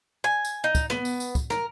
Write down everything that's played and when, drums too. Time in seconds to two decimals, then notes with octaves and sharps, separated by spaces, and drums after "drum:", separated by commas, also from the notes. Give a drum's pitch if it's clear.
0.24 G#5
0.45 drum: tambourine
0.64 D#4
0.75 drum: kick, tambourine
0.90 B3, drum: snare
1.05 drum: tambourine
1.20 drum: tambourine
1.35 drum: kick, tambourine
1.50 A#4, drum: snare